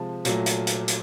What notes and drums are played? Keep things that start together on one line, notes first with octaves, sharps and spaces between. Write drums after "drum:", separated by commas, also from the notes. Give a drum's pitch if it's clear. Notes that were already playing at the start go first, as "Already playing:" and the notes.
Already playing: C3 F3 G#3 A5
A#2 F#3 A3, drum: hi-hat
drum: hi-hat
drum: hi-hat
drum: hi-hat